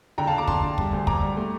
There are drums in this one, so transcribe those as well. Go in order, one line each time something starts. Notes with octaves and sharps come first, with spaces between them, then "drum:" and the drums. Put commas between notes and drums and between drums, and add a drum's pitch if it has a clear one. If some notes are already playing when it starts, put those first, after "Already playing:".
D3 G5 A#5
F5 A5
D3 A#5 D6
D3 A5 C6, drum: kick
D3
G3, drum: kick
D2
D2 A#5 D6, drum: kick
G3
A3